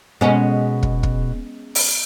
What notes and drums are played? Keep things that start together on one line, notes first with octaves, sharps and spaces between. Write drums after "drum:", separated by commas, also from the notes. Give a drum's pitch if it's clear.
B2 G#3 C#4
drum: kick
drum: kick
drum: open hi-hat